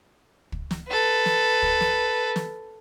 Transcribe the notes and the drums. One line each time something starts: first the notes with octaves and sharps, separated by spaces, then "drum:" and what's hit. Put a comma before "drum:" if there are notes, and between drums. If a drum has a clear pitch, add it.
drum: kick
drum: snare
A4 B4
drum: snare
drum: kick
drum: snare
drum: snare